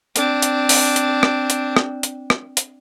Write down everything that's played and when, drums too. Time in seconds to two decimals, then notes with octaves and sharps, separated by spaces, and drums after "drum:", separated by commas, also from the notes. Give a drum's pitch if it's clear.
0.16 C4 D4, drum: hi-hat
0.42 drum: hi-hat
0.69 drum: open hi-hat
0.96 drum: hi-hat
1.23 drum: rim click
1.50 drum: hi-hat
1.76 drum: rim click
2.03 drum: hi-hat
2.30 drum: rim click
2.57 drum: hi-hat